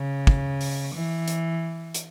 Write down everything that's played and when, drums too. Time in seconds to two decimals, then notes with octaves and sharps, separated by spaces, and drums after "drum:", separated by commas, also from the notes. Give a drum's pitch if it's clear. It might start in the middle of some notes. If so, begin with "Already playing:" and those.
Already playing: C#3
0.27 drum: kick
0.61 drum: open hi-hat
0.94 E3
1.28 drum: hi-hat
1.95 drum: hi-hat